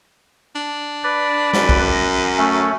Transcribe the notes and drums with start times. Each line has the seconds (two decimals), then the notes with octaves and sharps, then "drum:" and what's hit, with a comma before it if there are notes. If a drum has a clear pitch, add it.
0.55 D4
1.04 B4 D5
1.53 F#2, drum: snare
1.69 drum: kick
1.93 A#6
2.38 A3 C#4